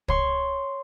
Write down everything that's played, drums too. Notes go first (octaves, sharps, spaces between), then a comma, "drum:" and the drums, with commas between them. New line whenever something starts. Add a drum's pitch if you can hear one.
C#5 C6 C#6, drum: kick